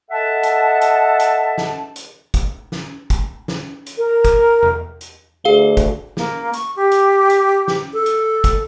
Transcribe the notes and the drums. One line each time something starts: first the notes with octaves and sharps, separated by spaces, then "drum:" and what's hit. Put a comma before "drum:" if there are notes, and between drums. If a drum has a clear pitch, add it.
A4 D#5 E5 F#5 A5
drum: hi-hat
drum: hi-hat
drum: hi-hat
drum: snare
drum: hi-hat
drum: kick, hi-hat
drum: snare
drum: kick, hi-hat
drum: snare
drum: hi-hat
A#4
drum: kick, hi-hat
drum: tom E2
drum: hi-hat
D2 G#4 F5 G7
drum: kick, hi-hat
A#3, drum: snare
C#6, drum: hi-hat
G4
drum: hi-hat
drum: hi-hat
drum: snare
A4
drum: hi-hat
drum: kick, hi-hat